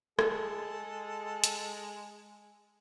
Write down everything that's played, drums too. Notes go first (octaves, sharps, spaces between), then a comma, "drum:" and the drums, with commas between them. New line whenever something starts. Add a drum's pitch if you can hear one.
G#3 A4, drum: rim click
drum: hi-hat